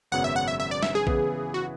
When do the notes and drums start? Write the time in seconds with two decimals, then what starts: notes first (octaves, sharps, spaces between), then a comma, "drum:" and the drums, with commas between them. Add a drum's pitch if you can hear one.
0.12 G#1 F#2 C#3 F#3 B3 F#5
0.24 E5
0.36 F#5
0.48 E5
0.60 E5
0.71 D5
0.83 E5, drum: snare
0.95 G#4
1.07 C#3 E3 B3 E4 B4, drum: kick A#1
1.54 F#4